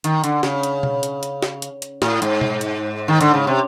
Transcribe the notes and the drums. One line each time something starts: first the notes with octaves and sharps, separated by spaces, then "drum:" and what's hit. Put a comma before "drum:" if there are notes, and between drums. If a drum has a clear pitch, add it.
D#3, drum: hi-hat
D3, drum: hi-hat
C#3, drum: snare
drum: hi-hat
drum: tom B2
drum: hi-hat
drum: hi-hat
drum: snare
drum: hi-hat
drum: hi-hat
A2, drum: snare
G#2, drum: hi-hat
drum: tom B2
drum: hi-hat
D#3
D3, drum: hi-hat
C#3
C3